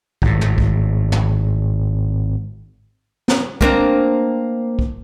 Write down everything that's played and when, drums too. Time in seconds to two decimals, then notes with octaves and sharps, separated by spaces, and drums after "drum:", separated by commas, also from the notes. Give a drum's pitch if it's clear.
0.22 G#1 A2, drum: kick
0.41 drum: tom
0.58 drum: kick
1.12 drum: tom
3.28 drum: snare
3.61 A#3 C4 D4, drum: kick
4.79 drum: kick